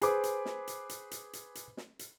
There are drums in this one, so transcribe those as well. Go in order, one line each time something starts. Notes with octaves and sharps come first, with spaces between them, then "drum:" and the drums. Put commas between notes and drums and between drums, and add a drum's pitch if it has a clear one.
G#4 B4 C5 D6, drum: hi-hat
drum: hi-hat
drum: snare
drum: hi-hat
drum: hi-hat
drum: hi-hat
drum: hi-hat
drum: hi-hat
drum: snare
drum: hi-hat